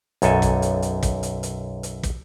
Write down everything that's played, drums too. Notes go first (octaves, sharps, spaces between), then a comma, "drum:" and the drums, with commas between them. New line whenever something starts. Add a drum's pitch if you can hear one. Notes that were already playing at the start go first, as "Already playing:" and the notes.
B1 F#2 A4 G#5, drum: hi-hat
drum: kick, hi-hat
drum: hi-hat
drum: hi-hat
drum: kick, hi-hat
drum: hi-hat
drum: hi-hat
drum: hi-hat
drum: kick, hi-hat